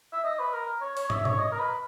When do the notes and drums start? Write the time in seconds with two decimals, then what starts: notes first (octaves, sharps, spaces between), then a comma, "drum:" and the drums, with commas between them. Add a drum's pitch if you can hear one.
0.13 E5
0.24 D#5
0.39 B4
0.53 A#4
0.81 C#5
0.97 C#5, drum: open hi-hat
1.10 E5, drum: tom
1.25 C#5, drum: tom A#2
1.39 D#5
1.52 A#4
1.59 B4